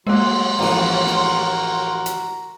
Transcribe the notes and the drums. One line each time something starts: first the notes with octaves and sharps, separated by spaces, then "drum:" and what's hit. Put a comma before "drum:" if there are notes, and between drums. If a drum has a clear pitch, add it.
F#3 G#3 A#3 C6, drum: cymbal
A1 F3 F#4 A#4 A#5, drum: cymbal
drum: snare
drum: hi-hat